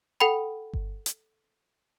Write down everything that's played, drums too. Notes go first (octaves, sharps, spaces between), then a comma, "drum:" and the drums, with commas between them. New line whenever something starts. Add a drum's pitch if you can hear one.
A4 F#5 G5 B5
drum: kick G1
drum: hi-hat